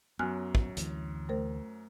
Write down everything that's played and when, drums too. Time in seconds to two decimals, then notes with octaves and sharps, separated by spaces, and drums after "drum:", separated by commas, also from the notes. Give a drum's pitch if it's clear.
0.19 F#2 F#3 B3 G#5 F6 F#6
0.55 drum: kick
0.77 D2 E3, drum: hi-hat
1.29 A3 A#4 C5